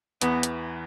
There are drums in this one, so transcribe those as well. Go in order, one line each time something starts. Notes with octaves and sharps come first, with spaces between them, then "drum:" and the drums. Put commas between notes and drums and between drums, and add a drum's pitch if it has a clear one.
E2 E3 B3, drum: hi-hat
drum: hi-hat